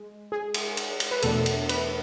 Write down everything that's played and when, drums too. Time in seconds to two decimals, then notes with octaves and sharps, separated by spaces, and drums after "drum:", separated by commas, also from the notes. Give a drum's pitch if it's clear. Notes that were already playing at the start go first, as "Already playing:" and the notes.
Already playing: G#3
0.32 G#4
0.54 drum: cymbal
0.77 drum: cymbal
1.00 drum: cymbal
1.11 B4
1.22 E2 B2 A3 D4 A4, drum: cymbal
1.46 drum: cymbal
1.69 B4, drum: cymbal